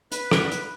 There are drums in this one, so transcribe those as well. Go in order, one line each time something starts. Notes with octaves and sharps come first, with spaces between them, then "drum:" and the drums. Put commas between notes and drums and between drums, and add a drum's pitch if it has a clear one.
B4, drum: hi-hat
drum: rim click
drum: hi-hat